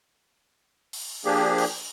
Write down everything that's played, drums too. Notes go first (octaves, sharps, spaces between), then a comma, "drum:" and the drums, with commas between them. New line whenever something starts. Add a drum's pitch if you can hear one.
drum: open hi-hat
F3 A#3 D4 G4 G#4
drum: open hi-hat